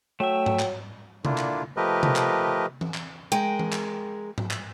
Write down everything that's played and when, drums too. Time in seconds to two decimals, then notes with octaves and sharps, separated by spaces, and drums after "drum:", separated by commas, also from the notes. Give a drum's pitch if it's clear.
0.20 F#3 A3 E5 G5
0.46 drum: tom G#2
0.59 drum: clap
1.25 A#2 D3 A#3 D4 E4 F4, drum: tom C3
1.38 drum: clap
1.77 F3 A3 G4 A#4 B4 D#5
2.03 drum: tom C3
2.16 drum: clap
2.81 drum: tom E3
2.94 drum: clap
3.32 G#3 A#4 G5
3.59 drum: tom E3
3.72 drum: clap
4.38 drum: tom G#2
4.51 drum: clap